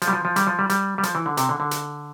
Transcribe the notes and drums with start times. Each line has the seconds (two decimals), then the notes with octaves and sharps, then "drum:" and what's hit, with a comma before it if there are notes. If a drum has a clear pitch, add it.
0.02 F3, drum: hi-hat
0.08 G3
0.13 F3
0.25 F3
0.36 G3, drum: hi-hat
0.47 F3
0.59 G3
0.70 G3, drum: hi-hat
0.98 G3
1.03 F3, drum: hi-hat
1.15 E3
1.26 D3
1.37 C3, drum: hi-hat
1.49 D3
1.60 D3
1.71 drum: hi-hat